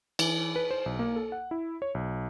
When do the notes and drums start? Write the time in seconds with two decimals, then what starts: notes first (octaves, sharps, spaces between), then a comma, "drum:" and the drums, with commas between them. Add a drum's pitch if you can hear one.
0.19 E3, drum: cymbal
0.56 B4
0.71 C5
0.86 B1
0.99 A#3
1.16 A4
1.32 F#5
1.51 E4
1.82 C#5
1.95 B1